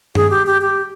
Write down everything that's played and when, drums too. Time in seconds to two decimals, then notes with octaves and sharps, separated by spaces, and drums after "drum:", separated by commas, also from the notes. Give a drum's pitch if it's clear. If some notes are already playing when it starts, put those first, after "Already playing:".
0.15 G#4, drum: tom G2
0.30 G4
0.46 G4
0.61 G4